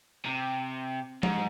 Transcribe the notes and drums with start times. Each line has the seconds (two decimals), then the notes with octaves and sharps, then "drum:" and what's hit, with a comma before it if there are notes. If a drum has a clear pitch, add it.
0.25 C3
1.23 G#2, drum: tom F3